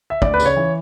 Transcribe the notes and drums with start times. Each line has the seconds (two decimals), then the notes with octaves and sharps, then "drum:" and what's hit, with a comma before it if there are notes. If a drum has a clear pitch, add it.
0.10 E5
0.22 D2 D5, drum: kick
0.34 B4
0.40 C#3, drum: tambourine
0.45 C#5
0.56 E3